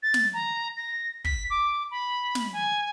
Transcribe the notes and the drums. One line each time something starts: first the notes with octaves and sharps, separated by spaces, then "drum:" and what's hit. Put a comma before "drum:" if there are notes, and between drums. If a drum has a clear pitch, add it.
A6
drum: snare
A#5
A#6
B6, drum: kick
D6
B5
drum: snare
G#5